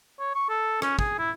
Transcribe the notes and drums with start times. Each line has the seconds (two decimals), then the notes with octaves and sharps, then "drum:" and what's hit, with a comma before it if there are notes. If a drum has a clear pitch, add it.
0.20 C#5
0.35 C#6
0.49 A4
0.82 C#4, drum: rim click
0.99 G#4, drum: kick
1.18 E4